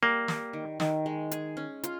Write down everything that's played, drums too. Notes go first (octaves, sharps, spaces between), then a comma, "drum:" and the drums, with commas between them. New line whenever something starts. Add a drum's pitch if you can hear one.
G3 A#3
G3, drum: snare
D#3
D#3, drum: snare
G#3
G#4, drum: hi-hat
C#4
F4, drum: hi-hat